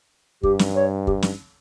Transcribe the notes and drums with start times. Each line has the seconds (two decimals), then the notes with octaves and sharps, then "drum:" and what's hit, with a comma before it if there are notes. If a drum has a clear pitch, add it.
0.43 G2 G4, drum: kick
0.59 drum: snare
0.76 C#5
1.07 G4, drum: kick
1.22 drum: snare